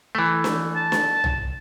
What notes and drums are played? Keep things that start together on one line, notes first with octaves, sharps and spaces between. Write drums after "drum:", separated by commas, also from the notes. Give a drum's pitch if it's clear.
E3 A3
drum: snare
A5
drum: snare
drum: tom